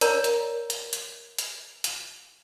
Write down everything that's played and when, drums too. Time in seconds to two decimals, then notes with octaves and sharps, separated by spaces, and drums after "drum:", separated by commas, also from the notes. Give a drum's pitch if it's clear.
0.01 A#4 C#5 D5 A#5, drum: hi-hat
0.24 drum: hi-hat
0.70 drum: hi-hat
0.93 drum: hi-hat
1.38 drum: hi-hat
1.84 drum: hi-hat